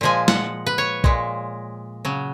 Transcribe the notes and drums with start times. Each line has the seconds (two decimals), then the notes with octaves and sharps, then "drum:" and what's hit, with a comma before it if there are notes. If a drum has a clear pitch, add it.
0.01 A#2 F3 G#3 G#5
0.28 F#5, drum: snare
0.66 B4
0.78 C#5
1.04 A#2 G#3, drum: kick
2.05 C#3 F#3